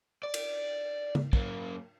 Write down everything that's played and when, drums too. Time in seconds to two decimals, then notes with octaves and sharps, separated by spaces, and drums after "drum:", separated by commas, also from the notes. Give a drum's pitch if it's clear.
0.23 D5
0.34 drum: cymbal
1.15 drum: tom C#3
1.33 F#2 A#3, drum: kick